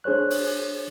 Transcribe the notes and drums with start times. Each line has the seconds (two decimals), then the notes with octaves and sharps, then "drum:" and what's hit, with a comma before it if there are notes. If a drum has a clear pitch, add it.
0.04 D4 G#4 C5 C#5 F#6
0.30 drum: open hi-hat